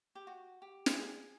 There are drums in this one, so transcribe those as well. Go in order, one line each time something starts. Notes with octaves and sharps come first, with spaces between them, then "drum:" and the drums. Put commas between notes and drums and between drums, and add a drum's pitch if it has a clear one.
G4
F#4
G4
A4, drum: snare
G#4